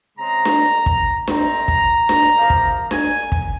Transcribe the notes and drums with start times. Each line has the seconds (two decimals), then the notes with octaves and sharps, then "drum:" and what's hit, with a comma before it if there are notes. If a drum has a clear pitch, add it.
0.18 C#3 G#3 C4 A#5
0.45 drum: snare D4
0.86 drum: kick
1.27 C3 G3 C4 A#5, drum: snare D4
1.68 drum: kick
2.09 drum: snare D4
2.37 C3 F3 A#3
2.50 drum: kick
2.91 G#5, drum: snare D4
3.32 drum: kick